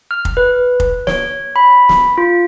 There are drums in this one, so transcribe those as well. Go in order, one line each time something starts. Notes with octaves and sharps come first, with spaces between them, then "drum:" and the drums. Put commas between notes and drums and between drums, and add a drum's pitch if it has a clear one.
F6
drum: kick F1
B4
drum: kick F1
C#5, drum: snare
B5
drum: snare
F4